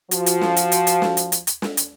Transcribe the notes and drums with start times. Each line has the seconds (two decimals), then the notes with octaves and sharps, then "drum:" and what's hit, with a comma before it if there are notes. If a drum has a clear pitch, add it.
0.11 F3 F#4, drum: hi-hat
0.26 drum: hi-hat
0.41 drum: snare
0.57 drum: hi-hat
0.72 drum: hi-hat
0.87 drum: hi-hat
1.02 drum: snare
1.17 drum: hi-hat
1.32 drum: hi-hat
1.47 drum: hi-hat
1.62 drum: snare
1.77 drum: hi-hat